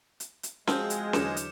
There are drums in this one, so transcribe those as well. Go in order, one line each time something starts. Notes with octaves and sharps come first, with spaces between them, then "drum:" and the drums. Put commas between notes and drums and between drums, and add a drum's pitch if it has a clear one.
drum: hi-hat
drum: hi-hat
F3 G#3 C4 F#4 G#4 F6 G6, drum: snare C#4
drum: hi-hat
E2 D3 F#3 D6 C#7 E7, drum: snare C#4
drum: hi-hat